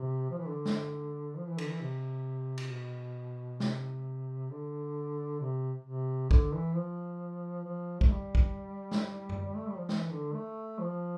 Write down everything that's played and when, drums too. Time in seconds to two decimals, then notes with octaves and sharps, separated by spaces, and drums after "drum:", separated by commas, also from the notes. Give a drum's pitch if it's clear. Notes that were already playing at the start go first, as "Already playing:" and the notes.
Already playing: C3
0.30 F3
0.38 E3
0.46 D3
0.66 drum: snare
1.37 F3
1.47 E3
1.58 D3, drum: cymbal
1.69 E3
1.81 C3
2.58 drum: cymbal
2.70 B2
3.60 C3, drum: snare
4.51 D3
5.40 C3
5.85 C3
6.31 D3, drum: kick
6.53 E3
6.75 F3
7.65 F3
8.01 A3, drum: kick
8.10 G3
8.35 drum: kick
8.91 drum: snare
9.29 drum: tom F#2
9.45 G3
9.56 A3
9.67 G3
9.78 F3
9.89 E3, drum: snare
10.12 D3
10.34 A3
10.79 F3